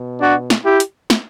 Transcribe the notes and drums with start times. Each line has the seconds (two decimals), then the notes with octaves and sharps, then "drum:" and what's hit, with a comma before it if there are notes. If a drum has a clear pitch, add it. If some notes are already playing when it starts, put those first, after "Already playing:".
Already playing: B2
0.21 D4 F#4
0.50 drum: snare
0.65 E4 G4
0.80 drum: hi-hat
1.10 drum: snare